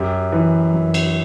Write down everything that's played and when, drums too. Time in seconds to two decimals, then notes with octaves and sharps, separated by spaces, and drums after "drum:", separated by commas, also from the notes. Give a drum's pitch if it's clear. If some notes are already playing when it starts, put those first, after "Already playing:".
Already playing: F#2 G4
0.32 E3
0.74 F#2
0.94 drum: cymbal